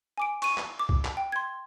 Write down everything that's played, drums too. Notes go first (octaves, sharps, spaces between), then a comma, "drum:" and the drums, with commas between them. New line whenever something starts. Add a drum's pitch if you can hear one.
G#5 D6 D7
C#6 D#7, drum: cymbal
drum: clap
D6
drum: kick
drum: clap
G5
C6 G#6